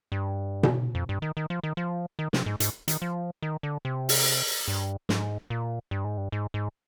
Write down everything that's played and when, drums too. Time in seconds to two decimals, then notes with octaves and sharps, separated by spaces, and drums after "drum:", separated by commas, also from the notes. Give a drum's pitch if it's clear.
0.12 G2
0.63 drum: tom B2
0.95 F2
1.09 G2
1.22 D#3
1.37 D#3
1.50 F3
1.63 D#3
1.77 F3
2.19 D#3
2.33 C3, drum: snare
2.46 G#2
2.60 G#2, drum: hi-hat
2.88 D#3, drum: hi-hat
3.02 F3
3.42 D#3
3.63 D3
3.85 C3
4.09 drum: open hi-hat
4.68 G2
5.09 G#2, drum: snare
5.50 A#2
5.91 G2
6.05 G#2
6.18 G2
6.32 G#2
6.54 G#2